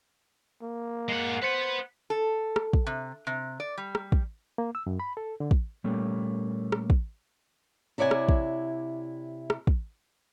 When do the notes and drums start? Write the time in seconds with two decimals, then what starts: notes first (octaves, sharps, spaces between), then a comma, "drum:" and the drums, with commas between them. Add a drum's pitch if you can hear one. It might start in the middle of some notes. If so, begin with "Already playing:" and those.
0.62 A#3
1.09 G#3 F#5
1.42 B4 C5 F#5
2.10 A4
2.56 drum: rim click
2.73 drum: kick
2.86 C3
3.27 C3
3.60 D5
3.78 G3
3.95 drum: rim click
4.12 drum: kick
4.58 A#3
4.75 E6
4.87 F#2
5.00 B5
5.17 A4
5.40 D3
5.51 drum: kick
5.84 A#2 G3 A3 A#3 C#4
6.72 drum: rim click
6.90 drum: kick
7.98 C3 E4 C#5 D5 F#5 G#5
8.11 drum: rim click
8.29 drum: kick
9.50 drum: rim click
9.67 drum: kick